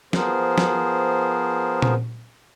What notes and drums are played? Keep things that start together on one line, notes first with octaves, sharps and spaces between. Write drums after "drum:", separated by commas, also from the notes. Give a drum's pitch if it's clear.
F3 B3 G#4 A#4 C5, drum: snare
drum: snare
drum: tom A#2